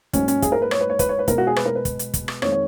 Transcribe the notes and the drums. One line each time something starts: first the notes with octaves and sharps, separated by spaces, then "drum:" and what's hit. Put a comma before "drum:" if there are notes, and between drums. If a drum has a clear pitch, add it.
G#2 F#3 A#3 C#4, drum: kick, hi-hat
C#4, drum: hi-hat
G#4, drum: kick, hi-hat
A#4
B4
C#5, drum: rim click
B4
C#5
B4, drum: kick, hi-hat
C#5
B4
B2 G#3 A#4, drum: kick, hi-hat
F#4
G#4
B4, drum: rim click
A#4
B4
drum: kick, hi-hat
drum: hi-hat
drum: kick, hi-hat
drum: rim click
F2 D#3 G#3 C#5, drum: rim click
C#5